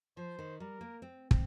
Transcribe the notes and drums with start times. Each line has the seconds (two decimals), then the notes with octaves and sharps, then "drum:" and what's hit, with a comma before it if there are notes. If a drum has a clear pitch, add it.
0.17 F3 C5
0.39 D#3
0.60 G3 A#4
0.81 A#3
1.02 C4
1.31 C4, drum: kick